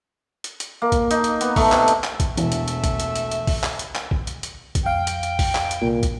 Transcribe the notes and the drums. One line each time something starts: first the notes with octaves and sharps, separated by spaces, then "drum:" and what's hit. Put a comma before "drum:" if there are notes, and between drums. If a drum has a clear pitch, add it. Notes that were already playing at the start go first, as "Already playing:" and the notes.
drum: hi-hat
drum: hi-hat
A#3
drum: kick, hi-hat
D#4, drum: hi-hat
drum: hi-hat
B3, drum: hi-hat
A3, drum: kick, open hi-hat
C3, drum: clap
drum: hi-hat
drum: clap
drum: kick, hi-hat
E1 A3 E5, drum: hi-hat
drum: hi-hat
drum: hi-hat
drum: kick, hi-hat
drum: hi-hat
drum: hi-hat
drum: hi-hat
drum: kick, open hi-hat
drum: clap
drum: hi-hat
drum: clap
drum: kick
drum: hi-hat
drum: hi-hat
drum: kick, hi-hat
F2 F5 G5
drum: hi-hat
drum: hi-hat
drum: kick, open hi-hat
drum: clap
drum: hi-hat
C2 A#2
drum: kick, hi-hat